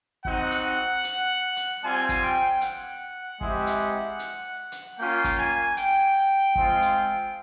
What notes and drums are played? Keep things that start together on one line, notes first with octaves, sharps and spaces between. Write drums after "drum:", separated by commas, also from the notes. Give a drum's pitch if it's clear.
C4 D#4 F#4 F#5, drum: kick
drum: hi-hat
drum: hi-hat
drum: hi-hat
G3 C4 F4 G#5
drum: kick, hi-hat
G5
F#5, drum: hi-hat
G#3 C4 E4 G4, drum: kick
drum: hi-hat
drum: hi-hat
drum: hi-hat
A#3 C#4 F4 G5
drum: kick, hi-hat
G#5
G5, drum: hi-hat
G#3 C4 F4, drum: kick
drum: hi-hat